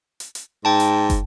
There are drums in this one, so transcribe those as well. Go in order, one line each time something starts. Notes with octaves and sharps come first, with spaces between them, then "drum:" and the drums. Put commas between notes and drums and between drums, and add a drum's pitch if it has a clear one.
drum: hi-hat
drum: hi-hat
G#2 G5 A5
drum: hi-hat
drum: kick, hi-hat